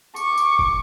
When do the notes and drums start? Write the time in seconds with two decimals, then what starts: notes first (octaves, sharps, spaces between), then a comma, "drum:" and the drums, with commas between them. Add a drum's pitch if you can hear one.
0.16 C#6 D6, drum: tambourine
0.38 drum: tambourine
0.59 drum: kick F#1